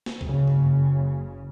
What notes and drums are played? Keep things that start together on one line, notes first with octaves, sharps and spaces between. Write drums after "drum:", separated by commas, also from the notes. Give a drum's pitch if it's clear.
drum: snare
F#1 C#3, drum: kick
drum: tom G2